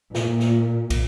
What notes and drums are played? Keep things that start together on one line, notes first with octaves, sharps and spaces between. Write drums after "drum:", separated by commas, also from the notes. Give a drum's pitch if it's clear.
A#2, drum: snare
drum: snare
drum: kick, cymbal